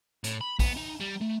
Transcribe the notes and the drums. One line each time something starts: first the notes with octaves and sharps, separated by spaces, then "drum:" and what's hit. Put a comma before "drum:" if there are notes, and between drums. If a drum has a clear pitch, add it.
A2, drum: hi-hat
B5
B3, drum: kick A#1, open hi-hat
D#4
G3
A3